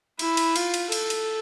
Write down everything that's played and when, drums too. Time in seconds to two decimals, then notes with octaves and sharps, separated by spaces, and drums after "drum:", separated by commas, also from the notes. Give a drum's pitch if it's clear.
0.19 E4, drum: cymbal
0.37 drum: cymbal
0.56 F4, drum: cymbal
0.74 drum: cymbal
0.92 A4, drum: cymbal
1.10 drum: cymbal